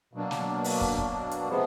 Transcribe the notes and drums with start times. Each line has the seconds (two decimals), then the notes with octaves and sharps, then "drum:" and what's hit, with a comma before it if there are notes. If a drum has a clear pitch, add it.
0.13 B2 F#3 A#3 D4
0.31 drum: snare
0.64 drum: open hi-hat
0.81 drum: kick
0.98 drum: kick
1.31 drum: hi-hat
1.49 C3 F3 G#3 B3